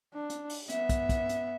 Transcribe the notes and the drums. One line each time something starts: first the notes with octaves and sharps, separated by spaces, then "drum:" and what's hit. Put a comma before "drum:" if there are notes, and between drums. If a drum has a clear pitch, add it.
D4
drum: hi-hat
drum: open hi-hat
B3 E5, drum: hi-hat
drum: kick, hi-hat
drum: kick, hi-hat
drum: hi-hat